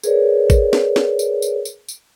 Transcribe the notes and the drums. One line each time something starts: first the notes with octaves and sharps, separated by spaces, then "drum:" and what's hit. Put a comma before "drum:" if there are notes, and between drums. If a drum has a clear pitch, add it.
G#4 A#4 B4 C#5 D5, drum: tambourine
drum: kick G#1, tambourine
drum: snare
drum: snare
drum: tambourine
drum: tambourine
drum: tambourine
drum: tambourine